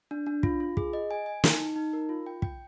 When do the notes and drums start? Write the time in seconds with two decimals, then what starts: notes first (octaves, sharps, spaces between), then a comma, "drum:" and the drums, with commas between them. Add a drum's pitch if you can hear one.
0.11 D4
0.26 D4
0.43 F4, drum: kick
0.60 F4
0.77 G#4, drum: kick
0.93 D#5
1.11 G#5
1.26 G#5
1.44 D#4, drum: snare
1.60 D#4
1.76 D#4
1.93 A#4
2.09 F4
2.26 G5
2.42 G5, drum: kick